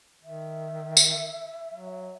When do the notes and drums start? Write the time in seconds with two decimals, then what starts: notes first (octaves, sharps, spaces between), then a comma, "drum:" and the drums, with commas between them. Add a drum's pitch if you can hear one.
0.24 D#3 E5
0.97 drum: tambourine
1.74 F#3